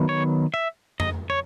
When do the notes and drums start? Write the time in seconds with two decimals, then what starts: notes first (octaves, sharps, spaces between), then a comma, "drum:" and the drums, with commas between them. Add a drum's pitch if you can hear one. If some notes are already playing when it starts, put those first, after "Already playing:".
Already playing: D#3 F#3 B3
0.09 C#5
0.54 E5
1.00 D#5, drum: tom F2
1.30 C#5